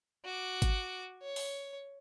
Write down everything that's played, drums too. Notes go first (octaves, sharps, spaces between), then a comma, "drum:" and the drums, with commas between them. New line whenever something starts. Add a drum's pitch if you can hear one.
F#4 D6
drum: kick G#1, hi-hat
C#5
drum: open hi-hat